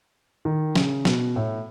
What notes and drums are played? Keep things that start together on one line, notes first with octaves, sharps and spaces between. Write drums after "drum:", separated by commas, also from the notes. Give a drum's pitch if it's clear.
D#3
C#3, drum: snare
B2, drum: snare
A2